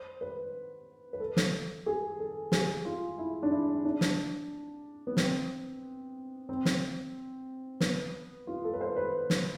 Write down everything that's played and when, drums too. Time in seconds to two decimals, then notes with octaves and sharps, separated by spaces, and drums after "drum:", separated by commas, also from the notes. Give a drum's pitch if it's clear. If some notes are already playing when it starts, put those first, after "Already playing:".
Already playing: C5
0.21 B4
1.13 B4
1.20 A4
1.37 drum: snare
1.86 G#4
2.19 A4
2.52 G#4, drum: snare
2.85 F4
3.18 E4
3.43 D4
3.51 E4
3.75 E4
3.85 D4
4.01 drum: snare
5.07 B3
5.17 C4, drum: snare
6.49 C4
6.65 drum: snare
7.80 B3, drum: snare
8.47 F4
8.64 A4
8.74 B4
8.81 C5
8.96 B4
9.30 drum: snare